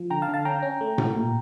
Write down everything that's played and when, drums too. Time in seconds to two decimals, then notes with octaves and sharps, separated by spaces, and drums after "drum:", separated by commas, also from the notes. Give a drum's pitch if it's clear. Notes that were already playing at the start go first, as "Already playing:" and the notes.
Already playing: F3
0.10 D3 G5 A#5
0.22 F5 A5
0.28 D3
0.34 F5 A5
0.45 C#4 G5 A#5
0.63 C#4
0.81 A3
0.98 A3, drum: tom A2
1.15 A#2